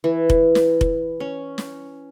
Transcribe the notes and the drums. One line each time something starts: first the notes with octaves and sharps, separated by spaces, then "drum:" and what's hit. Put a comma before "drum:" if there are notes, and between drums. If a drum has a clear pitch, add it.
E3
drum: kick F1
drum: snare
drum: kick F1
C#4
drum: snare